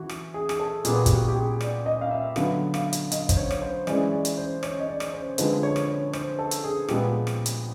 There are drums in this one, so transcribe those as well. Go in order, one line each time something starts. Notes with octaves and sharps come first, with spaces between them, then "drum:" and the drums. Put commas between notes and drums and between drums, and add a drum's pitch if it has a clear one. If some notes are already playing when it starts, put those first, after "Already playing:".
Already playing: E3 F#4
drum: rim click
G#4
G#4, drum: rim click
A4
A#2 G3 B3 G#4, drum: hi-hat
F#4, drum: kick, hi-hat
G4
G4
G#4
D5, drum: rim click
D#5
F5
E5
D3 F#3 B3 F5, drum: rim click
F5, drum: rim click
drum: hi-hat
D#5, drum: hi-hat
C5, drum: kick, hi-hat
C#5
C#5, drum: rim click
C5
E3 G#3 C#4 D5, drum: rim click
D5
drum: hi-hat
C5
C#5, drum: rim click
D#5
D5
drum: rim click
C5
D3 F3 G#3 C4 B4, drum: hi-hat
C#5
drum: rim click
C#5
C5, drum: rim click
A4
drum: hi-hat
G#4
A#2 F3 G#3 B3 G4, drum: rim click
drum: rim click
drum: hi-hat